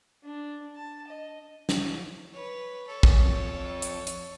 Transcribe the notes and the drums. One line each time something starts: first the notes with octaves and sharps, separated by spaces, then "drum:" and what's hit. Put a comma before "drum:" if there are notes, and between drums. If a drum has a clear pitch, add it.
D4
A5
D#5
drum: snare
B4 C#5
A4 C#5
drum: kick
F2
drum: hi-hat
drum: hi-hat